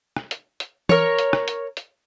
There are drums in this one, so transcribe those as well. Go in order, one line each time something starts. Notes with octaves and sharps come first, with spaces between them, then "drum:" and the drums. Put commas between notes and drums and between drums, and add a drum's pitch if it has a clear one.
drum: rim click
drum: hi-hat
drum: hi-hat
A#4 C#5, drum: tom
drum: hi-hat
drum: rim click
drum: hi-hat
drum: hi-hat